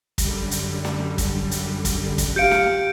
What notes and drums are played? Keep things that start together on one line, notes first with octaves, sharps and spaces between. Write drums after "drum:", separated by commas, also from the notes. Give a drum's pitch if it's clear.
F#2 D3 G3, drum: kick, hi-hat
drum: hi-hat
drum: snare
drum: kick, hi-hat
drum: hi-hat
drum: kick, hi-hat
drum: kick, hi-hat
G4 F5 G6 C#7 D7
drum: snare